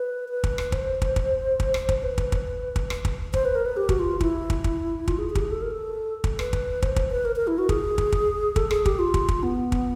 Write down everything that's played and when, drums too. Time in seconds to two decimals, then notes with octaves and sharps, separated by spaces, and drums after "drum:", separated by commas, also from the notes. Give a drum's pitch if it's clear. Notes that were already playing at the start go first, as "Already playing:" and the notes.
Already playing: B4
0.29 B4
0.44 drum: kick
0.58 drum: rim click
0.72 C5, drum: kick
1.02 drum: kick
1.16 drum: kick
1.60 drum: kick
1.74 drum: rim click
1.89 drum: kick
2.03 B4
2.18 drum: kick
2.32 drum: kick
2.76 drum: kick
2.90 drum: rim click
3.05 drum: kick
3.34 C5, drum: kick
3.45 B4
3.55 A#4
3.66 B4
3.77 G4
3.89 F#4, drum: kick
3.99 F4
4.21 E4, drum: kick
4.50 drum: kick
4.64 drum: kick
5.08 F4, drum: kick
5.18 G#4
5.30 G#4
5.35 G4, drum: kick
5.41 G#4
5.52 A4
5.62 A#4
5.72 A4
6.24 drum: kick
6.39 B4, drum: rim click
6.53 drum: kick
6.82 C5, drum: kick
6.96 drum: kick
7.11 B4
7.25 A#4
7.36 A#4
7.47 E4
7.58 F#4
7.69 G#4, drum: kick
7.98 drum: kick
8.12 drum: kick
8.56 A4, drum: kick
8.71 G#4, drum: rim click
8.86 G4, drum: kick
8.99 F4
9.14 drum: kick
9.28 drum: kick
9.43 B3
9.72 drum: kick